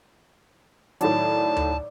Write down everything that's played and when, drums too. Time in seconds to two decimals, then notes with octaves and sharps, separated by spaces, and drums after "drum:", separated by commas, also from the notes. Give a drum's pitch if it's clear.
1.01 A2 D#3 F#3 D5 A5, drum: hi-hat
1.57 drum: tom D2